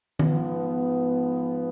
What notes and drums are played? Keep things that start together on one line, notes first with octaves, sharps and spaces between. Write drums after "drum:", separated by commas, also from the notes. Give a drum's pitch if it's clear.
G#2 F3 B3, drum: tom D#3